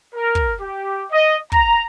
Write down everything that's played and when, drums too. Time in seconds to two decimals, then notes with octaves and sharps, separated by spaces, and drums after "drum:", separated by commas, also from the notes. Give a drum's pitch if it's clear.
0.15 A#4
0.35 drum: kick
0.61 G4
1.12 D#5
1.52 A#5, drum: kick